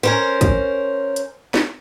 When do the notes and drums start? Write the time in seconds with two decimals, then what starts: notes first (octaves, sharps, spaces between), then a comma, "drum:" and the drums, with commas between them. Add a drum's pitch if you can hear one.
0.03 C#4 A#4 C5
0.41 drum: kick, hi-hat
1.16 drum: hi-hat
1.54 drum: snare